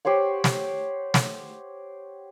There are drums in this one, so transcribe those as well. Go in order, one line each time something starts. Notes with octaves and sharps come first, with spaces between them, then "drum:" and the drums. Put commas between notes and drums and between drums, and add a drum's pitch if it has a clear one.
G4 C5 C#5 F#5
drum: snare
drum: snare